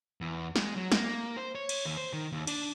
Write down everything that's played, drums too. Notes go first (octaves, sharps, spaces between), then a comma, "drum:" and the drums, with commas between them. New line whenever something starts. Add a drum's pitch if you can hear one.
E2
G#3, drum: snare
F#3
A#3, drum: snare
C5
C#5
drum: cymbal
D#2
C5
D#3
D#2
D4, drum: cymbal